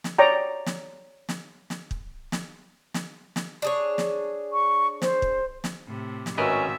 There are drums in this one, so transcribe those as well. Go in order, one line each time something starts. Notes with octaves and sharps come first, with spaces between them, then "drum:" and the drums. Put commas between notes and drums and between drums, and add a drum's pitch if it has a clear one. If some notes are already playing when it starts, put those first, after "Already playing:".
drum: snare
C#5 D5 G5 A#5
drum: snare
drum: snare
drum: snare
drum: kick
drum: snare
drum: snare
drum: snare
D4 G#4 C#5
drum: snare
C#6
C5, drum: snare
drum: kick
drum: snare
A2 C3
drum: snare
G#1 C#4 F#4 A#4 B4 D#5 E5